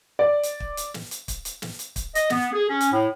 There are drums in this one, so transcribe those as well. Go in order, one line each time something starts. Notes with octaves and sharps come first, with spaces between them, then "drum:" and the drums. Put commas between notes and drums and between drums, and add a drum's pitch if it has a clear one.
D5
drum: hi-hat
drum: kick
drum: hi-hat
drum: snare
drum: hi-hat
drum: kick, hi-hat
drum: hi-hat
drum: snare
drum: hi-hat
drum: kick, hi-hat
D#5, drum: hi-hat
B3, drum: snare
G#4
C#4
drum: hi-hat
A2